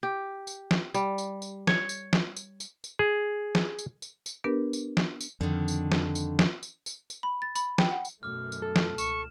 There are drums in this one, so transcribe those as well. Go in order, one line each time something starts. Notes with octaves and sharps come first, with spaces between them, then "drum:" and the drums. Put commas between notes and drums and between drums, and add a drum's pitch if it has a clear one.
G4
drum: tambourine
drum: snare
G3, drum: tambourine
drum: tambourine
drum: tambourine
C#5, drum: snare
drum: tambourine
drum: snare
drum: tambourine
drum: tambourine
drum: tambourine
G#4
drum: snare
drum: tambourine
drum: tambourine
drum: tambourine
B3 D4 G4 A#4 B4
drum: tambourine
drum: snare
drum: tambourine
F2 D3 D#3
drum: tambourine
drum: snare
drum: tambourine
drum: snare
drum: tambourine
drum: tambourine
drum: tambourine
B5
A6
B5, drum: tambourine
G5, drum: snare
F#5
drum: tambourine
F#2 B2 A3 D6 F6
drum: tambourine
A4
drum: snare
C#2 C#6 E7, drum: tambourine